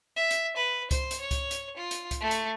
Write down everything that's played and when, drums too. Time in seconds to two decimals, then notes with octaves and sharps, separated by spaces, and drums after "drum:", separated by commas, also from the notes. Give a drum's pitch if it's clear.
0.16 E5
0.31 drum: hi-hat
0.57 B4
0.91 C5, drum: kick C#2, hi-hat
1.11 drum: hi-hat
1.20 C#5
1.31 drum: kick C#2, hi-hat
1.51 drum: hi-hat
1.77 F4
1.91 drum: hi-hat
2.11 drum: kick C#2, hi-hat
2.21 A3
2.31 drum: hi-hat